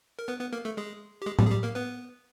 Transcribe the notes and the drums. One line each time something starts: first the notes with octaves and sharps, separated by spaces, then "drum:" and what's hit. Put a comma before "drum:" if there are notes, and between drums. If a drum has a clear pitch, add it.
A#4
B3 B4
B3 B4
A#3 A#4
A3 A4
G#3 G#4
G4
G#3 G#4
G3 G4, drum: tom A2
G#4
G3 G4
A#3 A#4
B3 B4